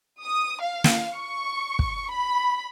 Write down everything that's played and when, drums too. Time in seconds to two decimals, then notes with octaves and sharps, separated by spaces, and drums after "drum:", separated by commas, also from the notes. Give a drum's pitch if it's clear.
0.23 D#6
0.61 F5
0.84 drum: snare
1.15 C#6
1.79 drum: kick
2.12 B5